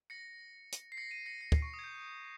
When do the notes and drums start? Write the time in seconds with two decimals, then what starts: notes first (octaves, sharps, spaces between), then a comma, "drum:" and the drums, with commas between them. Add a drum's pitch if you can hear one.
0.10 A#6 C#7
0.72 drum: hi-hat
0.92 C7
0.97 A#6 C#7
1.11 C7 D#7
1.26 A#6 C#7
1.41 A#6 C#7
1.52 C7, drum: kick
1.62 C#6
1.74 D#6
1.79 G#6
1.84 G6